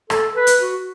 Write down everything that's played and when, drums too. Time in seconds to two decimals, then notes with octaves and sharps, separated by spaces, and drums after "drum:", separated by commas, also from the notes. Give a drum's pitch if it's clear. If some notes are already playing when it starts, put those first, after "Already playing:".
0.10 A4, drum: rim click
0.35 B4
0.47 drum: hi-hat
0.60 F#4